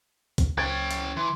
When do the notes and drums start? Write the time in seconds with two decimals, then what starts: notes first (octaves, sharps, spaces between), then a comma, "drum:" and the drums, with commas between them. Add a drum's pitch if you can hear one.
0.38 drum: kick B1, hi-hat
0.58 C#2 C#4 C5 G5 G#6 A6
0.91 drum: hi-hat
1.17 E3 C6